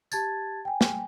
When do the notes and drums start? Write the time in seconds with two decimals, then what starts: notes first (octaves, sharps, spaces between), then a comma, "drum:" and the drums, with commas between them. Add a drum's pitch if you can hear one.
0.12 G4 A5 G#6 A6, drum: tambourine
0.65 G5 G#5
0.81 drum: snare